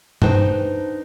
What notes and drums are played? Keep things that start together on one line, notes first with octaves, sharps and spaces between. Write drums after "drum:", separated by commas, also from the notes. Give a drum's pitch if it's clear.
D4 D#4 B4 C5 G5, drum: tom G2